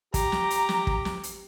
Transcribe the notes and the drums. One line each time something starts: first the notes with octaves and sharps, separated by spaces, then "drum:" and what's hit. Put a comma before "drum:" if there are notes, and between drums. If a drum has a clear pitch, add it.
G4 A#5, drum: kick, hi-hat
drum: snare
drum: hi-hat
drum: snare
drum: kick
drum: snare
drum: hi-hat